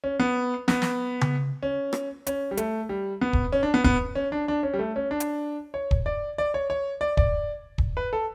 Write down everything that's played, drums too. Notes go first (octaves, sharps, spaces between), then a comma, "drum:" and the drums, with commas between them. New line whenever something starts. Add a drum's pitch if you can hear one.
C#4
B3
B3, drum: snare
drum: snare
drum: tom C#3
C#4
drum: rim click
C#4, drum: hi-hat
G3
A3, drum: hi-hat
G3
B3
drum: kick
C#4
D4
B3
B3, drum: kick
C#4
D4
D4
C#4
G3
A3
C#4
D4
drum: hi-hat
C#5
drum: kick
D5
D5
C#5
C#5
D5
D5, drum: kick
drum: kick
B4
A4